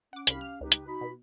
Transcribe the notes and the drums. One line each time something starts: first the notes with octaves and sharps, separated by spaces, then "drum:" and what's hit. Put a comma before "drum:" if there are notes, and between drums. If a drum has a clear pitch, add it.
C#4 F#5 D6
C2 G4 F5 B5, drum: hi-hat
F6
C#2 D#4 G4 B4
drum: hi-hat
D#4 F#4 B5
B2